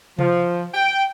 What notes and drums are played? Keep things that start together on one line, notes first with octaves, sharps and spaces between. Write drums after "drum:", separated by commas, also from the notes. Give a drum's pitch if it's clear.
F3, drum: tom C3
G5